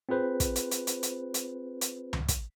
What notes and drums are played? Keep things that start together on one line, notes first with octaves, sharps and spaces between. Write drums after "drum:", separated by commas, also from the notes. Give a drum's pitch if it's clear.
C4 F4 G#4 B4 C5
drum: kick, hi-hat
drum: hi-hat
drum: hi-hat
drum: hi-hat
drum: hi-hat
drum: hi-hat
drum: hi-hat
drum: tom C#2
drum: kick, hi-hat